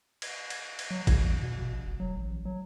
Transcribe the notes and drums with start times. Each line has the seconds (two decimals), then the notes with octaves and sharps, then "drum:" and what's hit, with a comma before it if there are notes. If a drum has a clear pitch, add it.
0.22 drum: cymbal
0.50 drum: cymbal
0.79 drum: cymbal
0.91 F#3
1.07 B1, drum: kick G#1, cymbal
1.24 E2
1.42 B2
1.59 B2
1.73 A#1
1.87 F1
2.00 F#3
2.17 A1
2.45 F#3